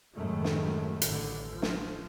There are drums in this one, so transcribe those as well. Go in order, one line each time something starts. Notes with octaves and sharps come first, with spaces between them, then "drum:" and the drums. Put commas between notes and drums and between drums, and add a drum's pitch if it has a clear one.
F#2 A2 D#3 G#3 A3
drum: snare
A1 D3, drum: hi-hat
F3
drum: snare